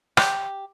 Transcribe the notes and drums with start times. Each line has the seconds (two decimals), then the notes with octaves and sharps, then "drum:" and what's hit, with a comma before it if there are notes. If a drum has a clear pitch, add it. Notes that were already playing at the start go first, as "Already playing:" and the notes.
0.17 G4, drum: rim click